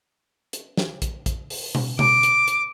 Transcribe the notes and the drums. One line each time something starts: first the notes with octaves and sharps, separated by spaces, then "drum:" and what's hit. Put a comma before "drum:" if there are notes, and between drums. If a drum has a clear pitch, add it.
drum: hi-hat
drum: snare
drum: kick A#1, hi-hat
drum: kick A#1, hi-hat
drum: open hi-hat
drum: tom B2
D6, drum: tom B2
drum: hi-hat
drum: hi-hat